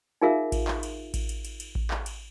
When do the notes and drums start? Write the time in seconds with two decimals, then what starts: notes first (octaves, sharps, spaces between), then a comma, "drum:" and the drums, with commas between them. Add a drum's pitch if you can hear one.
0.21 D#4 F4 G#4 A#4 E5 F5
0.52 drum: kick A1, cymbal
0.68 drum: clap
0.83 drum: cymbal
1.14 drum: kick A1, cymbal
1.29 drum: cymbal
1.45 drum: cymbal
1.60 drum: cymbal
1.75 drum: kick A1
1.91 drum: clap
2.06 drum: cymbal